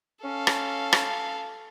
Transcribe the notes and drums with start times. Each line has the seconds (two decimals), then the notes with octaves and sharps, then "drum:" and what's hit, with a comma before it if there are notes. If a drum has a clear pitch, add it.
0.24 C#4 A4 F5
0.47 drum: rim click
0.93 drum: rim click